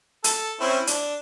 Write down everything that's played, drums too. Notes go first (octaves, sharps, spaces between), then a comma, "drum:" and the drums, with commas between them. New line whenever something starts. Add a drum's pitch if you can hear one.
A4, drum: hi-hat
C4 C#4 E4
D4, drum: hi-hat